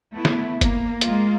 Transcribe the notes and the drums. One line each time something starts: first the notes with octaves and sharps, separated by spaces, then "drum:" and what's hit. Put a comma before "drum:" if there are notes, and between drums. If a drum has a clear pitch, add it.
A3 B3 E4
drum: snare
A#3, drum: kick G1, hi-hat
G#3 A#3 F4, drum: hi-hat